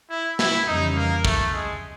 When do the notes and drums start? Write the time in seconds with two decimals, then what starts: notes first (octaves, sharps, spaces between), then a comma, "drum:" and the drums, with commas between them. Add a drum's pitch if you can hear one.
0.10 E4
0.39 E4, drum: snare
0.67 F2 C#3 E3 G3 D#4
0.96 A#3
1.25 A3, drum: kick
1.53 G#3